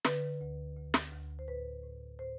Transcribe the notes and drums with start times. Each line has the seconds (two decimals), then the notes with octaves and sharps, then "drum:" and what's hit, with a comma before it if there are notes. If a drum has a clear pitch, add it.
0.05 D3 B4, drum: snare
0.41 D2
0.76 D2
0.94 drum: snare
1.12 D2
1.39 C5
1.48 A2 B4
1.84 A2
2.19 A2 C5